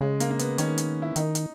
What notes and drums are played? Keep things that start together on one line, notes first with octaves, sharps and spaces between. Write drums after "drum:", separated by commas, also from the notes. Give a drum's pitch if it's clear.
C#3 G#3
A#3, drum: hi-hat
A#3
B3, drum: hi-hat
D#3 C#4, drum: hi-hat
drum: hi-hat
E4
D#3 D#4, drum: hi-hat
drum: hi-hat